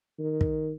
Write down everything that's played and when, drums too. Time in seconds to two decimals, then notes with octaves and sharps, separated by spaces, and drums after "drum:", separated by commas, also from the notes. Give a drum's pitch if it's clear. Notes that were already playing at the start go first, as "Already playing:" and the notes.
0.19 D#3
0.41 drum: kick